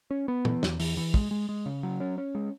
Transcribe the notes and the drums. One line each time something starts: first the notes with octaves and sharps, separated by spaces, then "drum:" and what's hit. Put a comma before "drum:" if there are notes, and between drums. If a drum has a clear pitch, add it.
C#4
B3
E3, drum: tom
E2, drum: snare
E3, drum: open hi-hat
E3
G#3, drum: kick
G#3
G#3
C#3
F#3
C#4
C#4
G#3